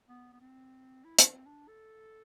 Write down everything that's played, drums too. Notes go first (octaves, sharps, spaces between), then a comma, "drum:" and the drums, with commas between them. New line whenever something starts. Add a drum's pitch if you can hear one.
B3
B3
C4
E4
D4, drum: hi-hat
C4
D4
A4